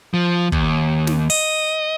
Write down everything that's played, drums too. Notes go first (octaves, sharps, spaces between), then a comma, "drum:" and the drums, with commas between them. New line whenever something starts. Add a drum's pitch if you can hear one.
F3
D#2, drum: kick
drum: snare
D#5, drum: open hi-hat